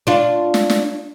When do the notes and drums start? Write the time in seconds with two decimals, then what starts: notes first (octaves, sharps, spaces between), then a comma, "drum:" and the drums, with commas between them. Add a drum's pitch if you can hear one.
0.07 D4 F4
0.54 drum: snare
0.70 drum: snare